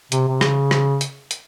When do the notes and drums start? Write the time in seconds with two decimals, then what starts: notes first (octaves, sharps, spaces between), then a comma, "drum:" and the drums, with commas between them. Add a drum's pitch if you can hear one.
0.12 C3, drum: hi-hat
0.29 C3
0.41 C#3, drum: rim click
0.71 drum: rim click
1.01 drum: hi-hat
1.31 drum: hi-hat